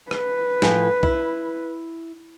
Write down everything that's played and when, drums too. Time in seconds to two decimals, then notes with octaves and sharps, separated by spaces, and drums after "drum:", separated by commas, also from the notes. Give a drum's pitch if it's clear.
0.11 B4, drum: rim click
0.62 A2 F3 G#5, drum: snare
1.03 E4, drum: kick B1